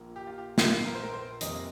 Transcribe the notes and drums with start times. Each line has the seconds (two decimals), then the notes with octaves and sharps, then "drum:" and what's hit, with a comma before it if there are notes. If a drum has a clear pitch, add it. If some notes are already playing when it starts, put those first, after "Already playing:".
Already playing: A#1 A#2 F3 A#3
0.16 G4
0.27 F4
0.38 G4
0.58 A#1 A#2 F3 A#3 G4, drum: snare
0.86 A#4
0.95 C5
1.04 A#4
1.14 C5
1.41 F1 F2 C3 G3 A#3 D#5, drum: hi-hat